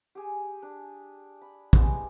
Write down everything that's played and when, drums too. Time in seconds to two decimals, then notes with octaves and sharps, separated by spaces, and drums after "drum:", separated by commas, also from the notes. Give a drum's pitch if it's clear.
0.15 G4 G#4
0.62 D4
1.41 B5
1.73 G#3 B3 E4 G4, drum: kick